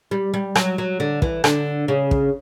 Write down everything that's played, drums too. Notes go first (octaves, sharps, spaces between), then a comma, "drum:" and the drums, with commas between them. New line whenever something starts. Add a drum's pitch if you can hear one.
G3
G3
F#3, drum: rim click
F#3
D3
E3, drum: kick
D3, drum: rim click
C#3
drum: kick